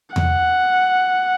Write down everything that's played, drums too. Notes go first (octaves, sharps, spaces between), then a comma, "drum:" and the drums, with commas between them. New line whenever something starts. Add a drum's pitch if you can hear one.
F#5, drum: tom E2